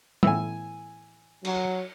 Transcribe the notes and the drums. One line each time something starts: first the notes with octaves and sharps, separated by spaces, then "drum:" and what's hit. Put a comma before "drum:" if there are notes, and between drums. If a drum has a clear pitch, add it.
A2 E3 B3 G#5 E6, drum: tom
F#3, drum: cymbal